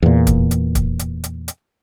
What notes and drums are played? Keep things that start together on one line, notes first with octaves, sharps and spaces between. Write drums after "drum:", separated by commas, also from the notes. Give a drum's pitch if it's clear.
E2 A#2
drum: kick, hi-hat
drum: hi-hat
drum: kick, hi-hat
drum: hi-hat
drum: hi-hat
drum: hi-hat